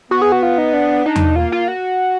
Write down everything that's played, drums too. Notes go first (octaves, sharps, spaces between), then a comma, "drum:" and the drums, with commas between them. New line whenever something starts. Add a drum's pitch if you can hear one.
B3 F#4
G#4
F#4
F4
D#4
D4
D4 D#4
drum: tom E2
A#3 F4
F4
F#4